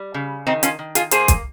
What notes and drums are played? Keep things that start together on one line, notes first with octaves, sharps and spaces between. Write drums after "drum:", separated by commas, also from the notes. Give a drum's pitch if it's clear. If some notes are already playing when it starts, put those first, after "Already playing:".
Already playing: G3
C#3
D#3 C4 D#4
C#4 F4, drum: hi-hat
D#3
F4 G#4, drum: hi-hat
A#3 G#4 C5, drum: hi-hat
drum: kick, hi-hat